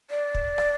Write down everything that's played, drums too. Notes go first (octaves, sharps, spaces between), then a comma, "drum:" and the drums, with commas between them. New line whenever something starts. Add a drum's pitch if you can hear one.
D5
drum: kick
drum: rim click